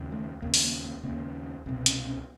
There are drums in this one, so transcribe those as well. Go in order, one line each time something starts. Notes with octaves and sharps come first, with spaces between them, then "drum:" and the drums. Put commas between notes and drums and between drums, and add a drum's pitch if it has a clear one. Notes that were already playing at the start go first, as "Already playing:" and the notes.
Already playing: D#2 C#3
A3
D#2 C#3 A#3
drum: open hi-hat
A#3
A#3
D#2 C#3 A#3
C2 B2
C#4, drum: hi-hat
C#4